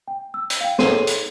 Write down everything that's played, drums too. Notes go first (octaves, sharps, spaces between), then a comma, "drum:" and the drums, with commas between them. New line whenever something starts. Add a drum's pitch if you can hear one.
G5
E6
drum: hi-hat
F5 G5
G#4 A4 C#5 C6 C7 D#7, drum: snare
drum: hi-hat